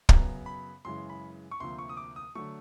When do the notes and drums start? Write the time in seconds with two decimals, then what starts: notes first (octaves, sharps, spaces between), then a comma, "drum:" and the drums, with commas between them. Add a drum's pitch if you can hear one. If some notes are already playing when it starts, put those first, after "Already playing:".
0.09 F#2 C#3 F#3 B3 A#5, drum: kick
0.46 B5
0.85 F#2 C#3 E3 G#3 C6
1.10 B5
1.51 C#6
1.60 D2 C3 F3 A#3 C6
1.79 C#6
1.89 D#6
1.97 D6
2.16 D#6
2.35 D3 F#3 A3 C#6